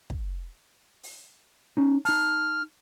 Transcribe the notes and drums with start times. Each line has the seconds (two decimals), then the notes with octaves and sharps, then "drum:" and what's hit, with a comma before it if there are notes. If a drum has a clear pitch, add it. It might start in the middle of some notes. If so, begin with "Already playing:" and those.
0.10 drum: kick
1.03 drum: open hi-hat
1.77 C#4 D#4
2.05 D#4 A5 F6, drum: open hi-hat